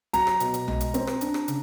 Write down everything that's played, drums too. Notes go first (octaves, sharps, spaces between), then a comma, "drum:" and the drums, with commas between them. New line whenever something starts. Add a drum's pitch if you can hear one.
F#3 A#5, drum: hi-hat
drum: rim click
B2, drum: hi-hat
drum: hi-hat
G#3, drum: tom B1
drum: hi-hat
C4, drum: hi-hat
drum: rim click
D4, drum: hi-hat
drum: rim click
C#3, drum: hi-hat